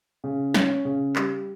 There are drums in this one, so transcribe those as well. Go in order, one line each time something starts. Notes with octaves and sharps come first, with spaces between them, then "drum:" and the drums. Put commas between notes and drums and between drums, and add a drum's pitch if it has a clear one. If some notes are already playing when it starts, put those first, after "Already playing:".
C#3
C#4, drum: snare
C#3
G3, drum: clap